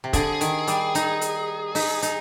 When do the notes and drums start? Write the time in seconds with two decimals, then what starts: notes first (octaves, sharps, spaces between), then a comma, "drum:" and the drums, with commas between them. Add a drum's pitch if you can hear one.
0.04 C3
0.13 D3 G#4, drum: kick, hi-hat
0.41 D#3, drum: hi-hat
0.67 G3, drum: hi-hat
0.95 D#4, drum: hi-hat
1.21 drum: hi-hat
1.75 D#4, drum: open hi-hat
2.02 D#4, drum: hi-hat